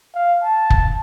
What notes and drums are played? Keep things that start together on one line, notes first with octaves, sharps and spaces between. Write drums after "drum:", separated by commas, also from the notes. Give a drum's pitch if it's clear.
F5
A5
drum: kick